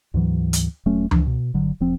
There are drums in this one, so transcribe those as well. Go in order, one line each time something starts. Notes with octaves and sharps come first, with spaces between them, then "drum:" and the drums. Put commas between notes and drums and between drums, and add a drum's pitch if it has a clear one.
D2 G#2 E3 F#3
drum: hi-hat
E1 F#3 A3 C#4
E2 E3 F3 D4, drum: tom C#2
B2
G1 D3 F#3
E1 F3 C4